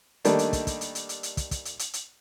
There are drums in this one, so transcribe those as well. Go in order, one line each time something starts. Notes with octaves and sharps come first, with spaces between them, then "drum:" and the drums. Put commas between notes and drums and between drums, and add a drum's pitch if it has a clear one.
D#3 G3 A3 A#3 D4 D#4, drum: hi-hat
drum: hi-hat
drum: kick, hi-hat
drum: kick, hi-hat
drum: hi-hat
drum: hi-hat
drum: hi-hat
drum: hi-hat
drum: kick, hi-hat
drum: kick, hi-hat
drum: hi-hat
drum: hi-hat
drum: hi-hat